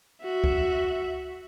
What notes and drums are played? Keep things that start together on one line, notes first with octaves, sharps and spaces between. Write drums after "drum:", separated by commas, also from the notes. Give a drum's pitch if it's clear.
F#4 E5
drum: kick